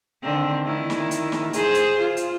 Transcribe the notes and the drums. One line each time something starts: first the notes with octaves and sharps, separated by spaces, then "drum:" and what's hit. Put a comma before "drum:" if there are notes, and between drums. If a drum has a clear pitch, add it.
D3 D#3 C4
D#3 E4
drum: snare
drum: hi-hat
drum: snare
G#4 C5, drum: hi-hat
drum: hi-hat
F4
drum: hi-hat